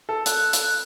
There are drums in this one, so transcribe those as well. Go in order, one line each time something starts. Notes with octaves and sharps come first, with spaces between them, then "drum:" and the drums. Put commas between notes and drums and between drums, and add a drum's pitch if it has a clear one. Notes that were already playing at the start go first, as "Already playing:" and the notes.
A4
F#6, drum: hi-hat
drum: hi-hat